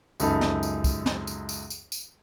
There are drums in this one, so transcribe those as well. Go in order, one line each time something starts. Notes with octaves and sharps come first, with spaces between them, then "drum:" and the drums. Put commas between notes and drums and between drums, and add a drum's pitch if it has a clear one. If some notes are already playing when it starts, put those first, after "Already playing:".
C#2 F#2 D#4 A4 B5, drum: tambourine
drum: snare
drum: tambourine
drum: kick, tambourine
drum: snare
drum: tambourine
drum: tambourine
drum: tambourine
drum: tambourine